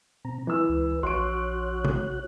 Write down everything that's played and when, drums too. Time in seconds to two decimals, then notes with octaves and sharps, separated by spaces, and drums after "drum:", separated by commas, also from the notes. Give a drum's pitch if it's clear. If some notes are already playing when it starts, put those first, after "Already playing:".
0.25 B2 C4 A#5
0.47 E3 B4 E6
0.70 C#2
1.03 A#1 F#4 C#5 C6 C#6 F#6 D7
1.85 drum: tom C3